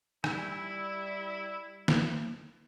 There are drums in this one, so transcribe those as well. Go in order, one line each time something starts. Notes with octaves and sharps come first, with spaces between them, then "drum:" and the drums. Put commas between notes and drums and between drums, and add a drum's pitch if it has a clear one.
G3 E4, drum: rim click
drum: snare